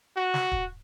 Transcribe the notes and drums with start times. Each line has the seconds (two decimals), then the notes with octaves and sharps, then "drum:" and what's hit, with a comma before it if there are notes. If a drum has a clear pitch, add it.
0.16 F#4
0.34 drum: snare
0.52 drum: kick